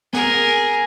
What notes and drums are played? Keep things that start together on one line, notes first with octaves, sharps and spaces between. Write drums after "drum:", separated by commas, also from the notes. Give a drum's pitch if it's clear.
G#4 A#4, drum: snare